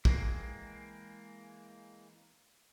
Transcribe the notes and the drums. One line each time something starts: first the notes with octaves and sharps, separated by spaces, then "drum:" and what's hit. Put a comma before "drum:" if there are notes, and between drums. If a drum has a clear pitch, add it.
E3 G#3 A#3 C4, drum: kick